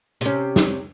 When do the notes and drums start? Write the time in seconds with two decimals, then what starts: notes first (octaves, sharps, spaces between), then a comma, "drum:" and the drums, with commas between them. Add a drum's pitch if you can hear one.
0.21 C3 C#4, drum: hi-hat
0.56 drum: snare